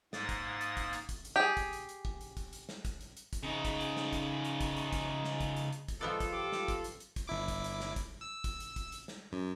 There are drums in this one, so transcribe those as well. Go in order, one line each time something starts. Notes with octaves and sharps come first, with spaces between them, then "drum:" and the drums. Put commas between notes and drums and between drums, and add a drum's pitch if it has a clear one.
G#2 A#3 D#6 A6, drum: snare
drum: kick, hi-hat
drum: hi-hat
drum: kick, hi-hat
drum: hi-hat
drum: kick, hi-hat
drum: hi-hat
G4 G#4
drum: kick, hi-hat
drum: hi-hat
drum: hi-hat
drum: kick
drum: hi-hat
drum: kick, hi-hat
drum: hi-hat
drum: snare
drum: kick, hi-hat
drum: hi-hat
drum: hi-hat
drum: kick, hi-hat
C#3 D#4
drum: kick, hi-hat
drum: hi-hat
drum: snare
drum: kick, hi-hat
drum: hi-hat
drum: kick, hi-hat
drum: hi-hat
drum: kick, hi-hat
drum: snare
drum: kick, hi-hat
drum: hi-hat
drum: hi-hat
drum: kick, hi-hat
F3 G#3 B3 F4 A4 D5
drum: kick, hi-hat
G4 D6
drum: snare
drum: kick, hi-hat
drum: hi-hat
drum: hi-hat
drum: kick, hi-hat
G1 E4 D6
drum: kick, hi-hat
drum: hi-hat
drum: snare
drum: kick, hi-hat
E6
drum: kick, hi-hat
drum: hi-hat
drum: kick, hi-hat
drum: hi-hat
drum: snare
F#2